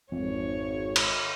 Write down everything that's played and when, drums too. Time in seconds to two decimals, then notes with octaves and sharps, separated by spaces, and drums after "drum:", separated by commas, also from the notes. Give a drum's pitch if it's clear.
0.12 G#1 F2 C#5
0.96 drum: cymbal